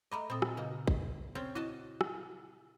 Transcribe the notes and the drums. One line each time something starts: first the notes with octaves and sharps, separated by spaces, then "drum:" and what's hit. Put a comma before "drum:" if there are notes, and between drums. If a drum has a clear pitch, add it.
G#3 A3 D#5 A#5 B5 D6
A#2 C4 A4 D#6
drum: rim click
C#3 A#3 D#4
drum: kick
C4 C#4 A4
E4 F#4 D#5 A5
drum: rim click